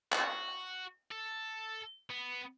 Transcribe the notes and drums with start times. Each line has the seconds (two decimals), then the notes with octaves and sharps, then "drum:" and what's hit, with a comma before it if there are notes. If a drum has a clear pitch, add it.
0.12 F#4, drum: clap
1.12 A4
2.10 B3